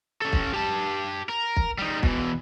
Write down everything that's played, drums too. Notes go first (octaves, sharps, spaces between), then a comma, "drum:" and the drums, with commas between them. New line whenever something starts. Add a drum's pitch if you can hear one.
C#4 A4
drum: kick
G4 A5
A#4
drum: kick
G3 D#4
B2 E3, drum: kick